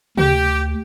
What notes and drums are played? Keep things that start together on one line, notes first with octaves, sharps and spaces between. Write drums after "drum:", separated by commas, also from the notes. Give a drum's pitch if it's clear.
D2 G4, drum: tom C3